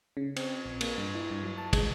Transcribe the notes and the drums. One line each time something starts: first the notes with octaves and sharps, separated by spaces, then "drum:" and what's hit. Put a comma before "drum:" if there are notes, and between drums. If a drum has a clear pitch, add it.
C#3
C4, drum: cymbal
A#1
A#3, drum: cymbal
G2
E4
G2
F#3
A5
G#3, drum: kick, cymbal